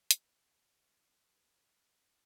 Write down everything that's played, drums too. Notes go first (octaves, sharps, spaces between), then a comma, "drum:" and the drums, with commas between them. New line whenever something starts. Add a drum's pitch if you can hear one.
G#1 F#2 D#3 A#3 A#5, drum: hi-hat
G#5
F#5
G#5
G#1 F#2 F3 B3 D#4
B4
D5
D#5
F5
F#5